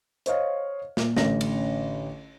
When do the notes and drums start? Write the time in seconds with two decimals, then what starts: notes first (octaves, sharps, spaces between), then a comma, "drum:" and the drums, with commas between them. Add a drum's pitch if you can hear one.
0.26 C5 C#5 D#5 F5, drum: hi-hat
0.97 A#2, drum: snare
1.16 A1 D3 C#4 A#6, drum: snare
1.41 drum: cymbal